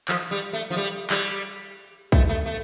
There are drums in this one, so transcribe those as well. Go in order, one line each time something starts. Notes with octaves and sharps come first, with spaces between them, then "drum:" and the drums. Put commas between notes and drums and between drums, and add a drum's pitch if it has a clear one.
F3, drum: clap
G3
A3
F3
G3
G3, drum: clap
A3, drum: kick
A3
A3